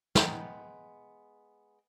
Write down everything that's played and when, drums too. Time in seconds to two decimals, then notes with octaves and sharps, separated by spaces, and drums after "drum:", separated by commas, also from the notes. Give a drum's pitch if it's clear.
0.15 G#3 B3 G5 A#5, drum: snare